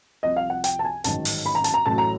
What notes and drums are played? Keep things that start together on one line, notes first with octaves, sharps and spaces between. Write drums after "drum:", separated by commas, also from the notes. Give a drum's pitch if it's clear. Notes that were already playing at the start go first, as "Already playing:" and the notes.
C2 C3 F3 D#5
F5
F#5
G5, drum: hi-hat
A5
G#5
A1 G#2 D#3 F#3 A5, drum: hi-hat
drum: open hi-hat
B5
A#5
A5, drum: hi-hat
A#5
A1 A2 F#3 A5
A#5